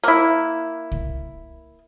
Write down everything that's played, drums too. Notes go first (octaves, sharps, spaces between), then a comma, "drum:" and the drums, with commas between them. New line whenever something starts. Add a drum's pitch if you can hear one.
A#3 E4
drum: kick